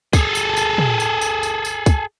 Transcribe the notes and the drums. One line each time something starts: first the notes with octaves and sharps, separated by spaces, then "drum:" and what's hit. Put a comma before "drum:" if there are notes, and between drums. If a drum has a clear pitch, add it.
G#4 A4, drum: kick, tambourine
drum: tambourine
drum: tambourine
drum: tom
drum: tambourine
drum: tambourine
drum: tambourine
drum: tambourine
drum: kick, tambourine